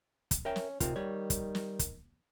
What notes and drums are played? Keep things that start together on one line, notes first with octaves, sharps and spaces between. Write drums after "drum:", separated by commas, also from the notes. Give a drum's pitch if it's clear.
drum: kick, hi-hat
C#4 A#4 E5 G5
drum: snare
C3 D#3 C4 F4, drum: kick, hi-hat
G3 C#5
drum: kick, hi-hat
drum: snare
drum: kick, hi-hat